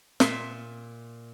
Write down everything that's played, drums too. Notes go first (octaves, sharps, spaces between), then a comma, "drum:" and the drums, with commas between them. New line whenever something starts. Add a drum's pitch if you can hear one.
A#2 E5 C6, drum: snare